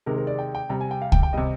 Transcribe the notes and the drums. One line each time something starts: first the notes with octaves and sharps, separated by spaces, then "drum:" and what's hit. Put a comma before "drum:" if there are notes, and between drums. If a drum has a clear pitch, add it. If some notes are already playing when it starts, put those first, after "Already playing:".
C3 D#3 G#3 A#4
A#4
D5
G5
G5
C3 G3 A#5
G#5
G5
F5
G5, drum: kick C#2
G5
C3 G3 D#5